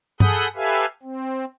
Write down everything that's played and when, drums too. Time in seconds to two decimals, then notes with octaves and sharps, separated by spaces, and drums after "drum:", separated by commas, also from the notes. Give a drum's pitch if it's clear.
0.20 G#4 A4 F#5 B5 D#6 G6, drum: tom G2
0.56 G4 A4 B4 E5 F5 G#5
1.03 C4